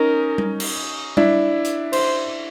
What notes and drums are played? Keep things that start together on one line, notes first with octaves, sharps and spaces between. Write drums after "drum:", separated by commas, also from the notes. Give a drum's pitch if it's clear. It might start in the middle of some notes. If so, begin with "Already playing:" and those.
Already playing: C#4 D#4 A#4
drum: tom G3
drum: cymbal
D4 E4, drum: tom G3
drum: hi-hat
C5, drum: cymbal